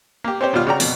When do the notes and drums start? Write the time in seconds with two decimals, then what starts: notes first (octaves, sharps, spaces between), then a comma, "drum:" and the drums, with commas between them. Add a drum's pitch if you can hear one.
0.24 A#3 G4
0.41 C4 C#4 G4 C5
0.53 G#1 B2 G3 F4 F6
0.67 C#3 F#4 D5 G5 A#5
0.80 F2 B2, drum: open hi-hat